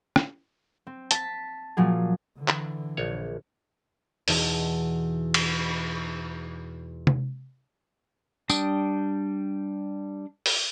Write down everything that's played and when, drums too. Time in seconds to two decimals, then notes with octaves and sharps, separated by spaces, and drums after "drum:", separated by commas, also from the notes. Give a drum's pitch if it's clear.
0.16 drum: rim click
0.87 C4
1.11 A5 B6, drum: hi-hat
1.77 A#2 F3 F#3 G#4
2.39 D3 E3
2.48 drum: clap
2.97 A#1 C#5
4.28 E2 B2 D#4 F#4 A5, drum: open hi-hat
5.34 drum: cymbal
7.07 drum: tom C3
8.50 G3 D4 G5 D#6, drum: tambourine
10.46 drum: open hi-hat